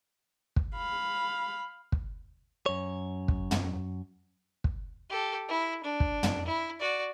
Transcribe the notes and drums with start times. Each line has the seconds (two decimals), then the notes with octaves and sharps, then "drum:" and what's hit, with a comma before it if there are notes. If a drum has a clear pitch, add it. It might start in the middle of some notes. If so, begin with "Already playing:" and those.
0.56 drum: kick
0.76 F5 B5
1.92 drum: kick
2.66 F#2 C#5
3.28 drum: kick
3.51 drum: tom
4.64 drum: kick
5.10 G4 A4
5.48 E4
5.84 D4
6.00 drum: kick
6.23 drum: tom
6.45 E4
6.79 F#4 D5